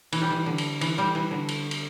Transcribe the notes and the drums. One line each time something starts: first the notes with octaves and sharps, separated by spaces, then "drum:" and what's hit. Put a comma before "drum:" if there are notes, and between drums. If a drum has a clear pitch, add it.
E3, drum: cymbal
G3
E3
D3
drum: cymbal
E3, drum: cymbal
G3
E3
D3
drum: cymbal
drum: cymbal